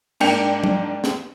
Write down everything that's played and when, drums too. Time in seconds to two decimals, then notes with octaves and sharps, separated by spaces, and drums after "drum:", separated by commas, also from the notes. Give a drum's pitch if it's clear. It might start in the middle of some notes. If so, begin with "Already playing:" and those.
0.20 G#2 A#3 D4 G5 C#7 F7, drum: cymbal
0.64 drum: tom
1.04 drum: snare